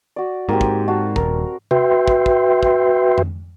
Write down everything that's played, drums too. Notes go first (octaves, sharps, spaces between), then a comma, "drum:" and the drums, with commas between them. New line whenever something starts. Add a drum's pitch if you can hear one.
F#4 D5
G#2 A#3 C4 G4
drum: kick
F#4 F5 A5
D#1 A#4, drum: kick
F#4 B4 E5 G5 C6, drum: tom C3
drum: kick
drum: kick
drum: kick
drum: tom F2